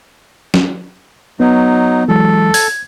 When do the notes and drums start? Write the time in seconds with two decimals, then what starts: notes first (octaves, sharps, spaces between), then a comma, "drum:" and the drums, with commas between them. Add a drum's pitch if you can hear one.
0.54 drum: snare
1.40 F#3 B3 D#4
2.08 E3 F#3 G#3 A4
2.54 G#6, drum: open hi-hat